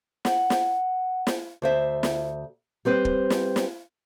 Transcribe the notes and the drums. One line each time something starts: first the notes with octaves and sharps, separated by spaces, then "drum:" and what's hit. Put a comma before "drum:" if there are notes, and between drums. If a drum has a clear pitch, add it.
F#5, drum: snare
drum: snare
drum: snare
D2 C5 E5
drum: snare
G3 C4 B4 C5
drum: kick
drum: snare
drum: snare